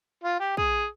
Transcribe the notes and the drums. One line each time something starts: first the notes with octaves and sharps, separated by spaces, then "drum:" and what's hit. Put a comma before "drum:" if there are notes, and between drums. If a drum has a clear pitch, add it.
F4
G4
G#4, drum: kick